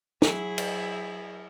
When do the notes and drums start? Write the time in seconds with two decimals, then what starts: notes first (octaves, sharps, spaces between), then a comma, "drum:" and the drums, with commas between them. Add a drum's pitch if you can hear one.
0.22 F#3 E4 G#4, drum: snare
0.58 drum: cymbal